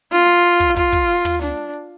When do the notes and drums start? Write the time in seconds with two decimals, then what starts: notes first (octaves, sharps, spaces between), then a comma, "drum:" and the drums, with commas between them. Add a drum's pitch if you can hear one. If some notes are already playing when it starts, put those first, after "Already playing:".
0.12 F4, drum: snare
0.28 drum: hi-hat
0.44 drum: hi-hat
0.60 drum: kick, hi-hat
0.76 F4, drum: kick, hi-hat
0.92 drum: kick, hi-hat
1.09 drum: hi-hat
1.25 drum: tom
1.42 D4, drum: snare
1.57 drum: hi-hat
1.74 drum: hi-hat